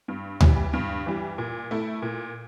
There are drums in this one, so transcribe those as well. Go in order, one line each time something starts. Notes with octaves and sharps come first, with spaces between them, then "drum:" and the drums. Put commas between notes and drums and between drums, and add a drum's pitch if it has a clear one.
G2
E3 G3, drum: tom D2
G2
E3 G3
A#2
A3 E4
A#2